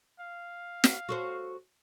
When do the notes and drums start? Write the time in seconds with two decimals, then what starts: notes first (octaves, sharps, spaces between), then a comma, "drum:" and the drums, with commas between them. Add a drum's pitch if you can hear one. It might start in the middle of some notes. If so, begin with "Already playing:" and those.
0.19 F5
0.84 drum: snare
1.09 F#4 A4 C5